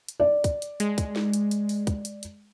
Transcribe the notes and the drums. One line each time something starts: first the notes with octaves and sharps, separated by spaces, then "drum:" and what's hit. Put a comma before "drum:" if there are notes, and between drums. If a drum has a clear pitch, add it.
drum: hi-hat
D5
drum: kick, hi-hat
drum: hi-hat
G#3, drum: hi-hat
drum: kick, hi-hat
drum: snare
drum: hi-hat
drum: hi-hat
drum: open hi-hat
drum: kick, hi-hat
drum: hi-hat
drum: hi-hat